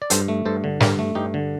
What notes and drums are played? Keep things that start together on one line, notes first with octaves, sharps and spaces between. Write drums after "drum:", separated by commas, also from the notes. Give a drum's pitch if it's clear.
D5
G2 A4 C5, drum: hi-hat
A3
G2 A4 C5
D3
G2 G4 A#4, drum: snare
A3
G2 D#4 G4
D3